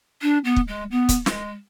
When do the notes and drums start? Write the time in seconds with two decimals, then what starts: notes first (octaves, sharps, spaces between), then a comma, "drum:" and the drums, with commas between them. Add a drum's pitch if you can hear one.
0.22 D4
0.44 B3
0.56 drum: kick
0.68 G#3
0.91 B3
1.09 drum: kick, hi-hat
1.26 G#3, drum: snare